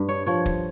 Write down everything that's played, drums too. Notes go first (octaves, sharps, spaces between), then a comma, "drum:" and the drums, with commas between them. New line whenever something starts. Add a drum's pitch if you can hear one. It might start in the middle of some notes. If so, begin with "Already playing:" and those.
Already playing: G2
C#5
F3 C#5
drum: kick